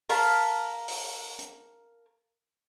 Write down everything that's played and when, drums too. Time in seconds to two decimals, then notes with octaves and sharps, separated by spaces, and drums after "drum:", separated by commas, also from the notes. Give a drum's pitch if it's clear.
0.09 A#4 F5 A5 B5, drum: open hi-hat
0.88 drum: open hi-hat
1.39 drum: hi-hat